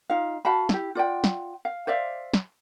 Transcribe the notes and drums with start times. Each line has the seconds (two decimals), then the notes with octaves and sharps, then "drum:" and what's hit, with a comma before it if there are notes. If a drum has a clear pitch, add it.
0.10 D#4 F4 F5
0.45 F#4 F5 A5 B5
0.69 E4 G4, drum: snare
0.95 F4 D5 F#5 G5
1.24 drum: snare
1.65 F5
1.87 C5 D5 E5 F5
2.34 drum: snare